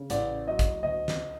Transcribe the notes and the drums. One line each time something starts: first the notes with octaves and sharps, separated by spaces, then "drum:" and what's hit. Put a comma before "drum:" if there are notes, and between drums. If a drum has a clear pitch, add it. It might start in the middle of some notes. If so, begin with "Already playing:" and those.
Already playing: C#3
A1 D5, drum: hi-hat
F#3 D#5
drum: kick, hi-hat
D2 D#5
drum: snare